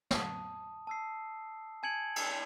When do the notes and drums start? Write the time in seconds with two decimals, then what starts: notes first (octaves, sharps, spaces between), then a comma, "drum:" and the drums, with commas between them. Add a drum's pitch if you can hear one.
0.11 A5 D#6, drum: snare
0.87 A5 E6 C7
1.83 G#5 A5 G#6 C#7 D7 F#7
2.16 drum: cymbal